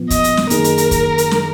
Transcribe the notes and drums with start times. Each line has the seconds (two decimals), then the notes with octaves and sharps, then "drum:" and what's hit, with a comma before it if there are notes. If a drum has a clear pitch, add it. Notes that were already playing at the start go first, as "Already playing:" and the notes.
Already playing: A#2 F3 B3
0.10 D#5, drum: kick, hi-hat
0.24 drum: hi-hat
0.37 drum: snare
0.50 F#2 D#3 A#3 D#4 G#4 A#4, drum: hi-hat
0.64 drum: hi-hat
0.78 drum: hi-hat
0.91 drum: kick, hi-hat
1.18 drum: hi-hat
1.31 drum: snare